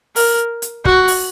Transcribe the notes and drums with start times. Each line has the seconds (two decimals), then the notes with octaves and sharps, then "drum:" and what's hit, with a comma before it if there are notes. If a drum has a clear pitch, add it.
0.16 A#4, drum: open hi-hat
0.62 drum: hi-hat
0.85 F#4, drum: kick
1.08 drum: open hi-hat